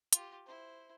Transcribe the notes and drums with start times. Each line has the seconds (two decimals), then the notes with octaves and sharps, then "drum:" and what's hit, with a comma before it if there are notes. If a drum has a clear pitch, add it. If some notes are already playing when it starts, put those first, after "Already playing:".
0.13 F4 G4, drum: hi-hat
0.46 E4 C5